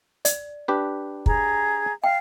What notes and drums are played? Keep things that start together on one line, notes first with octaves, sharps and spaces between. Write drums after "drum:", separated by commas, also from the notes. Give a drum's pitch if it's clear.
D5, drum: hi-hat
D4 G4 B4
G#4 A#5, drum: kick
F5 G5